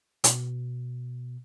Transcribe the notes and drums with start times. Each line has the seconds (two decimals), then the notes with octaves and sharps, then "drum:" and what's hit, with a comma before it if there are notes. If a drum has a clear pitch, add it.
0.24 B2, drum: hi-hat